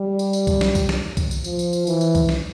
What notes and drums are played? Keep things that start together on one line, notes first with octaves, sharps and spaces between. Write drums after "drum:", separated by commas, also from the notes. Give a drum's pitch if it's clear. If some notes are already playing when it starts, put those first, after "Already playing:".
Already playing: G3
drum: tambourine
drum: tambourine
drum: kick C2, tambourine
drum: snare
drum: kick C2, tambourine
drum: snare
drum: kick C2, tambourine
drum: tambourine
F3, drum: tambourine
drum: tambourine
drum: tambourine
E3, drum: tambourine
drum: tambourine
drum: kick C2, tambourine
drum: snare